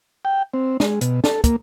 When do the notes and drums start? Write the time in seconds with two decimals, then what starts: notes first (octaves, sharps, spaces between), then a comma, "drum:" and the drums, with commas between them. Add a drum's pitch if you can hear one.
0.25 G5
0.54 C4
0.80 G#3, drum: snare
1.01 B2, drum: hi-hat
1.24 A4, drum: snare
1.44 A#3, drum: kick, hi-hat